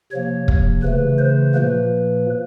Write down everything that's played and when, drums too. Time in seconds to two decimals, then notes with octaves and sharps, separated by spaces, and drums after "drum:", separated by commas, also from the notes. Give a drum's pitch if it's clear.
0.12 C3 F3 A#3 C#5
0.48 drum: kick
0.83 C#3 E3 A3 B4
1.19 C5
1.54 A#2 F3 A#3 B4